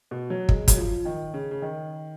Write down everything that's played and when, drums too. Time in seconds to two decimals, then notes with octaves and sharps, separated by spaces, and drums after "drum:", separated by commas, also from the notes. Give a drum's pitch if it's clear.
0.11 B2
0.30 F#3
0.49 G#3, drum: kick
0.68 F#3, drum: kick, hi-hat
0.77 F3
1.05 D#3
1.34 C#3
1.51 C#3
1.62 D#3